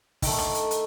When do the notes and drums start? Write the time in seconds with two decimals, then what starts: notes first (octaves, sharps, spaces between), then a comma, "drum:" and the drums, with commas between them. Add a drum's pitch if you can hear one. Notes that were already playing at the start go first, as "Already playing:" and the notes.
0.22 D#3 A3, drum: kick, open hi-hat
0.38 drum: rim click
0.55 drum: hi-hat
0.71 drum: hi-hat